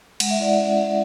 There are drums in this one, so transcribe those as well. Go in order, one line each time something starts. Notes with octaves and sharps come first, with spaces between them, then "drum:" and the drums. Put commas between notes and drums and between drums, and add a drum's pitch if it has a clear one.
G#3 F#5, drum: cymbal
E5
E4 D5 F#5
C#4
G#3